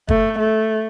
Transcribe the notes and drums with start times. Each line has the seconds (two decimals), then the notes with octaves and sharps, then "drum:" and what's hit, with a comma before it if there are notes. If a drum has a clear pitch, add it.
0.09 A3, drum: kick
0.39 A3